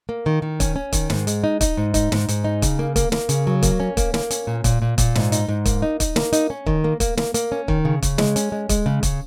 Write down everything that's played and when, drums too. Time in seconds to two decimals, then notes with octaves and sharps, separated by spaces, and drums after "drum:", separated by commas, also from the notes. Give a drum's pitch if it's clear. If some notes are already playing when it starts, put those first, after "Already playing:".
0.09 A#3
0.26 D#3
0.42 D#3
0.60 C#4, drum: kick, hi-hat
0.76 C#4
0.93 D#3, drum: kick, hi-hat
1.10 G#2, drum: snare
1.27 G#3, drum: hi-hat
1.44 D#4
1.61 D#4, drum: kick, hi-hat
1.77 G#2
1.94 D#4, drum: kick, hi-hat
2.12 G#2, drum: snare
2.28 G#2, drum: hi-hat
2.44 D#4
2.62 C#3, drum: kick, hi-hat
2.79 A#3
2.96 A#3, drum: kick, hi-hat
3.12 A#3, drum: snare
3.29 C#3, drum: hi-hat
3.47 F#3
3.63 A#3, drum: kick, hi-hat
3.80 C#4
3.97 A#3, drum: kick, hi-hat
4.14 A#3, drum: snare
4.31 C#4, drum: hi-hat
4.47 A#2
4.64 A#2, drum: kick, hi-hat
4.82 A#2
4.98 A#2, drum: kick, hi-hat
5.15 G#2, drum: snare
5.32 D#4, drum: hi-hat
5.48 G#2
5.66 A#3, drum: kick, hi-hat
5.82 D#4
6.00 D#4, drum: kick, hi-hat
6.16 A#3, drum: snare
6.33 D#4, drum: hi-hat
6.50 C#4
6.67 D#3, drum: kick
6.84 A#3
7.00 A#3, drum: kick, hi-hat
7.17 A#3, drum: snare
7.34 A#3, drum: hi-hat
7.52 C#4
7.68 D#3, drum: kick
7.85 C#3
8.02 C#3, drum: kick, hi-hat
8.18 G#3, drum: snare
8.36 C#4, drum: hi-hat
8.52 G#3
8.69 G#3, drum: kick, hi-hat
8.86 C#3
9.03 C#3, drum: kick, hi-hat